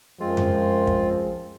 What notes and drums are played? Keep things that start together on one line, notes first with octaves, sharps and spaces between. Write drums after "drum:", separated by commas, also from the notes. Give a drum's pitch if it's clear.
F#2 F3 G#3 C4 F4
drum: tom F2
drum: kick